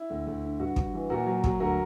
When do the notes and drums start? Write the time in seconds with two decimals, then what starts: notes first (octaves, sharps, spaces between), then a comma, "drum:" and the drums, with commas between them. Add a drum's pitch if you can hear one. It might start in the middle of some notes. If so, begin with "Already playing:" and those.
Already playing: E4
0.10 D2
0.27 D2
0.43 D3
0.59 G2 F#4
0.76 G2, drum: kick
0.94 E3
1.10 A#2 F#4 A#4
1.26 F#3
1.44 F#3, drum: kick
1.60 D2 F#4 A#4